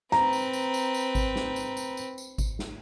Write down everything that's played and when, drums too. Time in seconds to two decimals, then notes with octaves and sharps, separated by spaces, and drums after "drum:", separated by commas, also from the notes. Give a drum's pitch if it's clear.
0.12 C4 B4 A#5, drum: snare
0.33 drum: tambourine
0.53 drum: tambourine
0.74 drum: tambourine
0.94 drum: tambourine
1.15 drum: kick G#1, tambourine
1.36 drum: snare
1.56 drum: tambourine
1.77 drum: tambourine
1.97 drum: tambourine
2.18 drum: tambourine
2.38 drum: kick G#1, tambourine
2.59 drum: snare